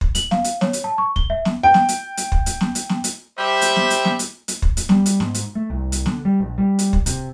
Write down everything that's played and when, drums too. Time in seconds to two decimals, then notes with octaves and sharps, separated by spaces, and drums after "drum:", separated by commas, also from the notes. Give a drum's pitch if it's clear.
0.01 drum: kick
0.15 F#7, drum: hi-hat
0.31 F5, drum: snare
0.44 drum: hi-hat
0.61 C#5, drum: snare
0.73 drum: hi-hat
0.84 A5
0.98 C#6
1.16 G7, drum: kick
1.30 E5
1.45 drum: snare
1.63 G5
1.74 drum: snare
1.89 drum: hi-hat
2.17 drum: hi-hat
2.32 drum: kick
2.46 drum: hi-hat
2.61 drum: snare
2.75 drum: hi-hat
2.89 drum: snare
3.04 drum: hi-hat
3.38 G3 G4 C5 E5
3.61 drum: hi-hat
3.76 drum: snare
3.90 drum: hi-hat
4.05 drum: snare
4.19 drum: hi-hat
4.48 drum: hi-hat
4.62 drum: kick
4.77 drum: hi-hat
4.89 G3, drum: snare
5.06 drum: hi-hat
5.20 G#2, drum: snare
5.34 drum: hi-hat
5.55 A3
5.70 C2
5.92 drum: hi-hat
6.06 D3, drum: snare
6.25 G3
6.40 A#1
6.58 G3
6.79 drum: hi-hat
6.93 drum: kick
7.06 C3, drum: hi-hat